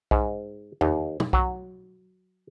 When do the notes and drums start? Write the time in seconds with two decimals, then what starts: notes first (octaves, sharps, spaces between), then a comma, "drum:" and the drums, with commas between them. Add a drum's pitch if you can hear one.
0.11 G#2, drum: kick B1
0.81 D#2, drum: tom E2
1.20 drum: tom
1.33 F#3, drum: kick B1